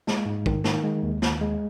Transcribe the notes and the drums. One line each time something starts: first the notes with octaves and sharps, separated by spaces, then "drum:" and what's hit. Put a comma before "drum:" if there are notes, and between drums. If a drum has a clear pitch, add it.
G#3, drum: snare
G#2
D#3, drum: kick
D#3, drum: snare
G#3
D#2
D#2, drum: snare
G#3